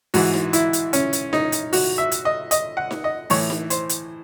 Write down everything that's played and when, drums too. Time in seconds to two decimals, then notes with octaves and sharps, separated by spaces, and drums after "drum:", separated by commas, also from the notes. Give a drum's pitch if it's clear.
0.14 G#2 E3 F#4, drum: open hi-hat
0.34 drum: snare D#4
0.53 E4, drum: hi-hat
0.73 drum: hi-hat
0.93 C#4, drum: hi-hat
1.13 drum: hi-hat
1.33 D#4, drum: snare D#4
1.52 drum: hi-hat
1.73 F#4, drum: open hi-hat
1.98 E5
2.12 drum: hi-hat
2.25 D#5
2.51 D#5, drum: hi-hat
2.77 F#5
2.91 drum: snare D#4
3.04 D#5
3.30 A2 E3 C#5, drum: open hi-hat
3.50 drum: snare D#4
3.70 C5, drum: hi-hat
3.89 drum: hi-hat